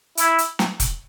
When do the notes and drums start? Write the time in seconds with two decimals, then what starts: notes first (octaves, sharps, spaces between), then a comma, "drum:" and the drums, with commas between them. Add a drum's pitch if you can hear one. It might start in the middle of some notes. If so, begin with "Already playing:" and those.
0.17 E4, drum: hi-hat
0.38 drum: hi-hat
0.59 drum: snare
0.80 drum: kick E1, hi-hat